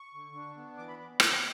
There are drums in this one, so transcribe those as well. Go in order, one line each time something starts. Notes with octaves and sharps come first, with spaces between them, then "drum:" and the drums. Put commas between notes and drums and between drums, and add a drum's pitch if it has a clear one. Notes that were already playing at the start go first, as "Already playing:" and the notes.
Already playing: C#6
D3
D4
B3
E3 D6
B5
drum: rim click